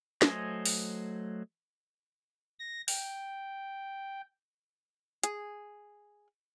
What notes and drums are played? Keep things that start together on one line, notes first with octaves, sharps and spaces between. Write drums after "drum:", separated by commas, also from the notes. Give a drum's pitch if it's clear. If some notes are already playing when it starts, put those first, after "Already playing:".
F#3 A3 C5 D#5 G#5, drum: snare
drum: open hi-hat
A#6
G5, drum: open hi-hat
G#4, drum: hi-hat